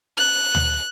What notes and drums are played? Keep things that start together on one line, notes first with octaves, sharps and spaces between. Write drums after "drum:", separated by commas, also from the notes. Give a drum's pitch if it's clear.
F#6
drum: tom D2